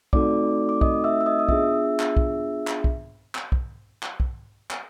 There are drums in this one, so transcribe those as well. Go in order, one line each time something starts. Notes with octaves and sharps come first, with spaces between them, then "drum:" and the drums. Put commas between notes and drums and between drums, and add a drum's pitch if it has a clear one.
A3 C4 D#4 F#4 A4 D5 D6, drum: kick
D6
D#5 D#6, drum: kick
E5 E6
E6
D#5 D#6
D#6
B3 D4 F4 G#4 E5 E6, drum: kick
drum: clap
drum: kick
drum: clap
drum: kick
drum: clap
drum: kick
drum: clap
drum: kick
drum: clap